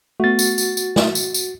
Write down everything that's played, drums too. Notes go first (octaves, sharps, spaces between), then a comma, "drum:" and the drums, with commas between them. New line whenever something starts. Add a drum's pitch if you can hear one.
A3 B3 F#4 A6
drum: tambourine
drum: tambourine
drum: tambourine
drum: snare
drum: tambourine
drum: tambourine